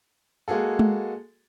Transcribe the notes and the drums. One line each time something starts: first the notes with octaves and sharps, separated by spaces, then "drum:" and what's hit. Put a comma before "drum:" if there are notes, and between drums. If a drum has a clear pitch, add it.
G#3 A#3 F#4 G#4 A4
drum: tom G#3